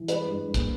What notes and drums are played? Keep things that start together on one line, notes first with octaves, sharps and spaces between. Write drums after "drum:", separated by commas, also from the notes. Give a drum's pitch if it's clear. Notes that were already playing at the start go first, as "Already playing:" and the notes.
Already playing: E3
G#3 B4, drum: hi-hat
G2
G2
A#3, drum: kick, hi-hat